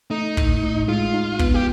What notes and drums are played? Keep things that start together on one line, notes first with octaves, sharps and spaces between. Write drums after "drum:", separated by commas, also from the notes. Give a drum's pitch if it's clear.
A3 D#4
A2, drum: kick
A2
G#3 F4
D#4
B3, drum: kick
G4